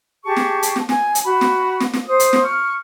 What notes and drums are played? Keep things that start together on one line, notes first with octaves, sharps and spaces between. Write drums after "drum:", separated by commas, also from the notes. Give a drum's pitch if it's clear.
G4 G#4 A5 C#6
drum: snare
drum: hi-hat
drum: snare
G#5, drum: snare
drum: hi-hat
F#4 B5
drum: snare
drum: snare
drum: snare
C5 D#6
drum: hi-hat
drum: snare
C#6 F6